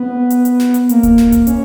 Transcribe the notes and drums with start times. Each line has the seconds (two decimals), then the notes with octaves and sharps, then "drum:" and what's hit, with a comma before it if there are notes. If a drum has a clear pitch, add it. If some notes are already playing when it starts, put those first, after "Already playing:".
Already playing: B3
0.30 drum: hi-hat
0.45 drum: hi-hat
0.60 drum: snare
0.74 drum: hi-hat
0.89 A#3, drum: hi-hat
1.03 drum: kick D1, hi-hat
1.18 drum: snare
1.32 drum: kick D1, hi-hat
1.47 C#4, drum: hi-hat